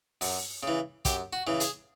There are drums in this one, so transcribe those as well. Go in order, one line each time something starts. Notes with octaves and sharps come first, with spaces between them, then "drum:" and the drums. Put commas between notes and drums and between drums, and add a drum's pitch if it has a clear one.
F#2, drum: open hi-hat
C#3 E3
F#2 G4, drum: kick, hi-hat
F#4
C#3 E3
G#4, drum: hi-hat